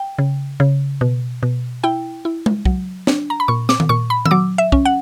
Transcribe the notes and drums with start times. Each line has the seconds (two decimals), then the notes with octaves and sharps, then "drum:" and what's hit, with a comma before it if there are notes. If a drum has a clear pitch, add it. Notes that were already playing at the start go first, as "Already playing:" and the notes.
Already playing: G5
0.18 C#3
0.60 C#3
1.01 B2
1.43 B2
1.83 E4 G5
2.25 E4
2.46 drum: tom G#3
2.65 F#3, drum: kick
3.07 D4, drum: snare
3.30 A#5
3.40 B5
3.48 A#2 C#6
3.69 D6, drum: snare
3.80 drum: tom D#3
3.89 A#2 C#6
4.10 B5
4.25 E6, drum: tom D#3
4.31 F#3 D6
4.58 E5
4.72 C#4, drum: kick
4.85 F#5